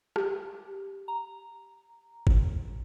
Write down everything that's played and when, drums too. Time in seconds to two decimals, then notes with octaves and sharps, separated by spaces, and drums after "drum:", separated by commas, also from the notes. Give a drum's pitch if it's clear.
0.16 G4, drum: rim click
1.08 A#5
2.27 drum: kick G1